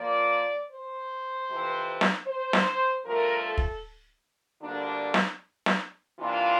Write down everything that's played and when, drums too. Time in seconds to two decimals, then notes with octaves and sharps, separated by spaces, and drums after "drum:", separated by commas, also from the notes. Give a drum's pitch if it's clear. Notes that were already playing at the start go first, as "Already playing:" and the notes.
Already playing: A#2 F3 A#3 D5
0.71 C5
1.49 F2 C3 E3
2.01 drum: snare
2.27 C5
2.53 drum: snare
3.05 G2 F3 A3 A#4
3.45 A4
3.58 drum: kick
4.62 D2 D3 G3 A#3 D4
5.14 drum: snare
5.66 drum: snare
6.18 C3 E3 A#3 D4 F4